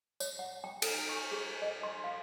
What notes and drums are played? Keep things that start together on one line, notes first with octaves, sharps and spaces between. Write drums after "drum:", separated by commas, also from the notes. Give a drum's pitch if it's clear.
C#5, drum: tambourine
F#5
G5
A4, drum: cymbal
C#6
G#4
D#5
C6
F5